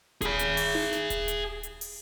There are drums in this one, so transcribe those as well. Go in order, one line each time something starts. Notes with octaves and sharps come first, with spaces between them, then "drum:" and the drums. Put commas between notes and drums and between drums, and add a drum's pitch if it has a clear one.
G#4 B5, drum: kick D#1, hi-hat
drum: hi-hat
drum: open hi-hat
drum: tom D#4
drum: snare
drum: kick D#1, hi-hat
drum: hi-hat
drum: hi-hat
drum: open hi-hat